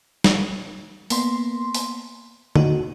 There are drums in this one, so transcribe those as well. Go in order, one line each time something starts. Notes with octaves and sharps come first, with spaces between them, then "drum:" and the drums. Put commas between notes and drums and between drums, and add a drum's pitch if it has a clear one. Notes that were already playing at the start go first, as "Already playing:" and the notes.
drum: snare
A#3 B3 C6, drum: open hi-hat
drum: open hi-hat
D#4 F#4, drum: tom D3